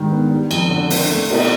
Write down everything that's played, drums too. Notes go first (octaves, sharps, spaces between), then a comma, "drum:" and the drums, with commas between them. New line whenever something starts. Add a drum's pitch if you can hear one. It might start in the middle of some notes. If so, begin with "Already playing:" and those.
Already playing: G#2 D#3 G3
B3
G3
F2, drum: cymbal
D3
C4, drum: open hi-hat
A3
B2, drum: cymbal